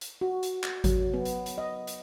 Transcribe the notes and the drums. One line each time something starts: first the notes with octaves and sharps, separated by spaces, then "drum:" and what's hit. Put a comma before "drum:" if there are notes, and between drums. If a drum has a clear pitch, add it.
drum: hi-hat
F#4
drum: hi-hat
drum: clap
F#3, drum: kick G#1, hi-hat
B3
drum: hi-hat
drum: hi-hat
D#5
drum: hi-hat